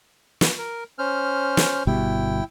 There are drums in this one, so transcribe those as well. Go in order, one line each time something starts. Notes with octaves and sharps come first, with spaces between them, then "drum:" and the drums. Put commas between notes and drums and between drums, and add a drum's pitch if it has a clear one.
drum: snare
A#4
C#4 C5 F6
drum: snare
G1 B2 G3 E4 G5